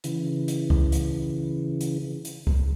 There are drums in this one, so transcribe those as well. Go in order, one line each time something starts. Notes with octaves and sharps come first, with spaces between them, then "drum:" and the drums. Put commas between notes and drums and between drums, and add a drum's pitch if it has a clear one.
C#3 E3, drum: hi-hat
drum: hi-hat
drum: kick C#2
drum: hi-hat
drum: hi-hat
drum: hi-hat
drum: kick C#2